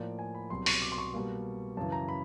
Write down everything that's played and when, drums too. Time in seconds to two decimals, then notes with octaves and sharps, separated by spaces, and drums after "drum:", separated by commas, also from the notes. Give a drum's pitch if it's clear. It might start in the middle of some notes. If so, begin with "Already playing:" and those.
Already playing: A2 F3 A#3 D5
0.19 G#5
0.35 B5
0.50 C2 B2 F#3 C6
0.66 C#6, drum: open hi-hat
0.82 D6
0.92 C6
0.98 C#6
1.14 B2 G3 A#3
1.77 F#2 C#3 E3 A5
1.92 A#5
2.09 B5